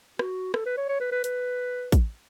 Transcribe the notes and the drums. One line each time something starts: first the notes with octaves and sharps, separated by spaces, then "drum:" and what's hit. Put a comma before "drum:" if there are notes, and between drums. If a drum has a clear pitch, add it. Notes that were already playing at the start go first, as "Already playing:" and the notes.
F#4, drum: rim click
A4, drum: rim click
B4
C#5
C#5
B4
B4
B4, drum: hi-hat
drum: kick, hi-hat